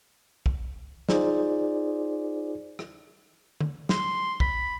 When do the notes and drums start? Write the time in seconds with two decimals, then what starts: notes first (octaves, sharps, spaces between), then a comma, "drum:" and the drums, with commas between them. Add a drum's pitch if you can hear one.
0.46 drum: kick
1.09 D#4 F4 G#4 C5 D5, drum: snare
2.79 drum: rim click
3.61 drum: tom
3.89 C6, drum: snare
4.40 B5, drum: kick